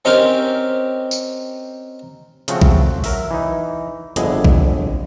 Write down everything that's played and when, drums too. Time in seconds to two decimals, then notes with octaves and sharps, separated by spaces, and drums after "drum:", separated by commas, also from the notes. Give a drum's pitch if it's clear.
0.05 C4 C#4 D#4 G4 A#4 C5
1.11 drum: tambourine
2.48 C#3 F3 A3 C4 F#4, drum: hi-hat
2.62 drum: kick A#1
3.04 F#3 A#4 E5, drum: open hi-hat
3.31 E3 D#4
4.16 G1 F2 D3 E4 G#4 D#5, drum: hi-hat
4.44 drum: kick A#1